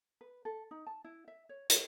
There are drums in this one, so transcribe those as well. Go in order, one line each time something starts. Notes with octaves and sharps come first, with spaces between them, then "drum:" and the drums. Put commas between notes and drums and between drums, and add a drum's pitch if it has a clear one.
B4
A4
D#4
A5
E4
E5
C#5
C#5, drum: hi-hat